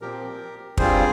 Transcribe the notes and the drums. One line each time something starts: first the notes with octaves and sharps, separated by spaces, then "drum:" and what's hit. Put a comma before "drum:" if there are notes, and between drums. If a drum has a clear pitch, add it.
A#2 F3 C4 G4 A#4
G2 G3 C4 F4 G#4 C5, drum: kick